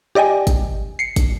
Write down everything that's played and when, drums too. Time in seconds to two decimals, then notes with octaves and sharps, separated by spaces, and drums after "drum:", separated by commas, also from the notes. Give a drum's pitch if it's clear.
0.15 G4 D5 D#5 G5 G#5
0.47 drum: kick, hi-hat
0.99 C7 C#7
1.16 drum: kick, hi-hat